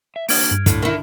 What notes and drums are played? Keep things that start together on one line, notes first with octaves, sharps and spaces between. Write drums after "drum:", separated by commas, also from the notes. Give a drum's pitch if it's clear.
E5
A#3 D4 F#4 F6 G#6 D7, drum: open hi-hat
G2
A2 D3, drum: kick, hi-hat
D#3 E4